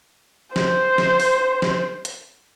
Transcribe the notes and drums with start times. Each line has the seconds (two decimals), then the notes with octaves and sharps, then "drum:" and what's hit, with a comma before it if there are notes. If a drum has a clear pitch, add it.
0.56 C5, drum: snare
0.98 drum: snare
1.20 drum: open hi-hat
1.62 drum: snare
2.05 drum: hi-hat